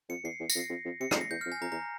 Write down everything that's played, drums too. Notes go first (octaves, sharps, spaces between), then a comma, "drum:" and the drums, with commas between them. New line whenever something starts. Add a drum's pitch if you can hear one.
F2 C#7
E2 C7
E2
A#6, drum: tambourine
F2
C7
F2
F2
C3 C#7
C7, drum: rim click
F2
A#6
E2 G6
F6
F2
G#5
F2 A#5
E2 A#5